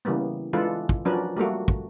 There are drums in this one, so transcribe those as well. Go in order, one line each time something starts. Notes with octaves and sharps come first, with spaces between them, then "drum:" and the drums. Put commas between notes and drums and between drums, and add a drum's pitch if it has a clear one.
C#3 E3 G3 A#3 B3
E3 G#3 D4 F4 A4 B4
drum: kick
F3 F#3 C#4 D4 A#4 B4
G3 A3 A#3 F#4
drum: kick